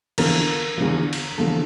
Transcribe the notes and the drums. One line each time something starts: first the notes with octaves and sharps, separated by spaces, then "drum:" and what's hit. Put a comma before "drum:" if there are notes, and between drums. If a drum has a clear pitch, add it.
E2 D3 F3 A#4, drum: cymbal
E2 D3 F3
drum: cymbal
E2 D3 F3 A4